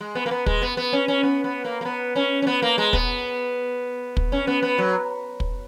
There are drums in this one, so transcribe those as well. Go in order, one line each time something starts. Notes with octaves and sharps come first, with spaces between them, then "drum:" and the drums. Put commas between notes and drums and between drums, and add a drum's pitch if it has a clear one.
G#3
B3
A#3
B3
G#3, drum: kick
B3
B3
C#4
C#4
B3
B3
A#3
A#3
B3
C#4
C#4
B3
A#3
G#3
B3, drum: kick
drum: kick
C#4
B3
B3
F#3
drum: kick